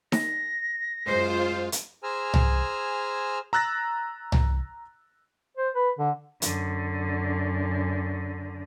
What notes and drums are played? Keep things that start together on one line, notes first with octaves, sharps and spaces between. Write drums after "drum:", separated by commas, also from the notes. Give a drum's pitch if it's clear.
A#6, drum: snare D#4
F#2 G#3 F4 C5
drum: hi-hat
G#4 C5 G#5 A#5 E6 F6
drum: tom C2
A#5 E6 F#6 A6 A#6
drum: tom C2
C5
B4
D3
F#2 D3, drum: hi-hat